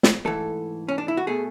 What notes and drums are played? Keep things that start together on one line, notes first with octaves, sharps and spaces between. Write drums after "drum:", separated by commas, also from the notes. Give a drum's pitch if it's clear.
drum: snare
G#2 E3 A3 A4
C#4
D4
E4
F#4
B2 A3 G#4